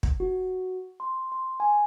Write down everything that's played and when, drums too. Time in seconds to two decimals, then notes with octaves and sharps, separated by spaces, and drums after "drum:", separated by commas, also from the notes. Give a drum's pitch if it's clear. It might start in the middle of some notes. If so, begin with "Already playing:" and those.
0.03 drum: kick
0.20 F#4
1.00 C6
1.32 C6
1.60 G#5